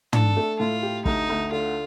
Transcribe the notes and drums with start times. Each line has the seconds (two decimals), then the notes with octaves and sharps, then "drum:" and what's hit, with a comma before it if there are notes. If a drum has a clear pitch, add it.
0.13 D4 A4, drum: tom
0.37 A3
0.59 A2 F4
0.83 G4
1.05 D2 D#4, drum: kick
1.29 D2
1.52 D3 F4